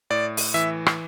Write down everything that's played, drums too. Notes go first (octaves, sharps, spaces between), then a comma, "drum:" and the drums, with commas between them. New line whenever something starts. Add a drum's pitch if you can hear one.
A2 D5
drum: open hi-hat
E3 E5
drum: rim click